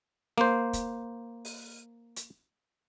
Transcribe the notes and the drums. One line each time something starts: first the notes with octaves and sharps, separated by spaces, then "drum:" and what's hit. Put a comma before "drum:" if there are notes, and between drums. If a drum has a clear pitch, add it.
A#3 C5, drum: snare
drum: kick, hi-hat
drum: open hi-hat
drum: hi-hat